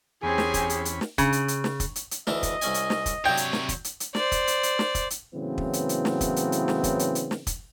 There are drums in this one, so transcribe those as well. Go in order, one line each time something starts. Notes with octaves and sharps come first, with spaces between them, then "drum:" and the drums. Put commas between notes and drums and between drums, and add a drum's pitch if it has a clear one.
E2 C4 C#4 G4 G#4 C#5 G#5 B5
drum: snare
drum: kick, hi-hat
drum: hi-hat
drum: hi-hat
drum: snare
C#3, drum: kick, hi-hat
drum: hi-hat
drum: hi-hat
drum: snare
drum: kick, hi-hat
drum: hi-hat
drum: hi-hat
D2 E3 D4 D#5, drum: snare
drum: kick, hi-hat
C2 C#4 G#5, drum: hi-hat
drum: hi-hat
drum: snare
drum: kick, hi-hat
C3 F#3 D4 C#5 G5
drum: hi-hat
drum: snare
drum: kick, hi-hat
drum: hi-hat
drum: hi-hat
C5 D5, drum: snare
drum: kick, hi-hat
drum: hi-hat
drum: hi-hat
drum: snare
drum: kick, hi-hat
drum: hi-hat
A2 C#3 E3 F#3 B3 C4
drum: kick
drum: hi-hat
drum: hi-hat
drum: snare
drum: kick, hi-hat
drum: hi-hat
drum: hi-hat
drum: snare
drum: kick, hi-hat
drum: hi-hat
drum: hi-hat
drum: snare
drum: kick, hi-hat